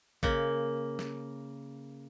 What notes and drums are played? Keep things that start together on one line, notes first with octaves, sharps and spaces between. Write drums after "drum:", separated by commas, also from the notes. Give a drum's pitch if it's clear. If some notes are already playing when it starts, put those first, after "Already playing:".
C#3 A#3, drum: kick A1
drum: snare